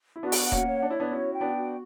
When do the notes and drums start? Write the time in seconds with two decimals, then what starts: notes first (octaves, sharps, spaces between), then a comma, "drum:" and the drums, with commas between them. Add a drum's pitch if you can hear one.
0.16 E4
0.22 B3 D4 F#4
0.32 drum: open hi-hat
0.44 F#5
0.52 A#3 C#4, drum: kick D#1
0.67 C#5
0.82 D4
0.90 E4 C#5
1.00 B3 D4
1.11 C#4 E4 F#4
1.33 G5
1.41 B3 D4
1.56 F#4